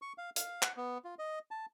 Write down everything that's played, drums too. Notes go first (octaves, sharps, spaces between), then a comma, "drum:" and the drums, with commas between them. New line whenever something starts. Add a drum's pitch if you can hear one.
C#6
F5
F5, drum: hi-hat
F#5, drum: clap
B3
F4
D#5
A5